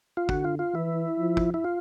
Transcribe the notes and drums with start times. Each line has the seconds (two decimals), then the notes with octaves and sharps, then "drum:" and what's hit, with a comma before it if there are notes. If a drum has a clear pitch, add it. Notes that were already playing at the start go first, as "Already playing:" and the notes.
0.17 F4
0.29 D3 F#4, drum: kick
0.44 F4
0.59 F4
0.74 E3 E4
1.19 F3
1.37 drum: kick
1.54 E4
1.64 F4